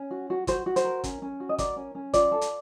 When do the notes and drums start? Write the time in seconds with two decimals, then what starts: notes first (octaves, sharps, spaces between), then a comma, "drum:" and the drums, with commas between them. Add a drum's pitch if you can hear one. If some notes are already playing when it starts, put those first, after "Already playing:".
Already playing: C#4
0.11 F#4
0.30 F#4
0.47 F#4 C5, drum: kick, hi-hat
0.66 F#4
0.76 C5, drum: hi-hat
0.84 A#4
1.04 C#4, drum: kick, hi-hat
1.22 C#4
1.40 F#4
1.49 D#5
1.58 A#4 D5, drum: kick, hi-hat
1.76 C#4
1.95 C#4
2.14 F4 D5, drum: kick, hi-hat
2.32 A4
2.41 drum: hi-hat